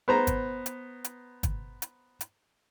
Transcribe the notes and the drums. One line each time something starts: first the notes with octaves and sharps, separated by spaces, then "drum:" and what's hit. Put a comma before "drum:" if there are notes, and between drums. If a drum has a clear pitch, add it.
B3 C5 A#5
drum: kick, hi-hat
drum: hi-hat
drum: hi-hat
drum: kick, hi-hat
drum: hi-hat
drum: hi-hat